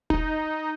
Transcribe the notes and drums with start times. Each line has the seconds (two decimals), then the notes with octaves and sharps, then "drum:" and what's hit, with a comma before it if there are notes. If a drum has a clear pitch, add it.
0.10 D#4, drum: kick